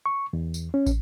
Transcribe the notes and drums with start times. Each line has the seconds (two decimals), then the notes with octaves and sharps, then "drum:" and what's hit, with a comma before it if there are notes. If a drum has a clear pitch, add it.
0.06 C#6
0.33 E2
0.54 drum: tambourine
0.74 C#4
0.86 drum: kick, tambourine